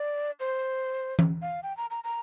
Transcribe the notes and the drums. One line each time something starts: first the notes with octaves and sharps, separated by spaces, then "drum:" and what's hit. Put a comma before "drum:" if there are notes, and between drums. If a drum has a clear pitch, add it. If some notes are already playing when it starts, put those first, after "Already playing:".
Already playing: D5
C5
drum: tom E3
F5
G5
A#5
A#5
A#5